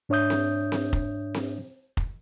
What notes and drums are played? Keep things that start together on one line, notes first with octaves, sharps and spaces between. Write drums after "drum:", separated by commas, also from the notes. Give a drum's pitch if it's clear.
G#2 D4 C#5 E5 D#6 G6
drum: snare C4
drum: snare C4
drum: kick F1
drum: snare C4
drum: kick F1